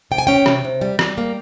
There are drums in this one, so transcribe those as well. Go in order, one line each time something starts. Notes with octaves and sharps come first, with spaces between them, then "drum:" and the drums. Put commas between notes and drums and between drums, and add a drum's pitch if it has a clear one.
C3 G5
G#5
C#4 G5
C3, drum: rim click
C3
G3
G3, drum: rim click
A#3